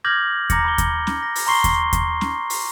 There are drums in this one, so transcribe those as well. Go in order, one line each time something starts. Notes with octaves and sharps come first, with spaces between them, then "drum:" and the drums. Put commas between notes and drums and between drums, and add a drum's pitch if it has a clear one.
D6 F6 G6 G#6 A#6 F#7
A#5 D6 A#6 C#7, drum: kick D#2, hi-hat
B5 D6 G7
drum: kick D#2, hi-hat
drum: snare C#4
A#6
drum: open hi-hat
A#5 C6 C#6 C7 G7
drum: kick D#2, hi-hat
drum: kick D#2, hi-hat
drum: snare C#4
drum: open hi-hat